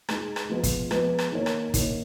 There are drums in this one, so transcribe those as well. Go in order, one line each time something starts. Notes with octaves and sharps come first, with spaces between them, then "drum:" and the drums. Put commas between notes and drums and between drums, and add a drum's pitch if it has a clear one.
G#3 D#4 G#4, drum: rim click
drum: rim click
F3 G#3 B3 F4 B4
drum: kick, hi-hat
F3 G#3 B3 F4 B4, drum: rim click
drum: rim click
D#3 A#3 D#4 A#4 C#5
drum: rim click
D#3 A#3 D#4 A#4 C#5, drum: kick, hi-hat